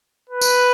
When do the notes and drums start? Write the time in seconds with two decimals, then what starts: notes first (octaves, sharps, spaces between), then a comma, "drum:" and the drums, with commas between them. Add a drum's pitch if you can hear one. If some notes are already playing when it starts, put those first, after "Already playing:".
0.29 B4
0.41 drum: tambourine